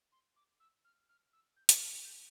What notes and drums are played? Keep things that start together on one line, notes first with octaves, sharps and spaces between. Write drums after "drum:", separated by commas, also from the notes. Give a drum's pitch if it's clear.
C6
D6
E6
F6
F6
E6
G6
drum: hi-hat
F6
G6